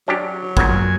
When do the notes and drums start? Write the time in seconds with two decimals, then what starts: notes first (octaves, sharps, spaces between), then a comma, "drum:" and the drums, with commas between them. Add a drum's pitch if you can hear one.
0.08 F#3 C#4 D4 G4
0.57 A#2 C#3 B3 G#5, drum: kick
0.69 F#2 G#5